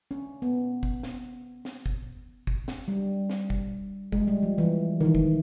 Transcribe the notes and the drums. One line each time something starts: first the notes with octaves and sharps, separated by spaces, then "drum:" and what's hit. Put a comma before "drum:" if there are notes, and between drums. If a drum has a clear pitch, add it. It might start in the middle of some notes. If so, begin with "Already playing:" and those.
C#4
B3
drum: kick
drum: snare
drum: snare
drum: kick
drum: kick
drum: snare
G3
drum: snare
drum: kick
G#3, drum: kick
G3
F3
E3
D#3
E3
drum: kick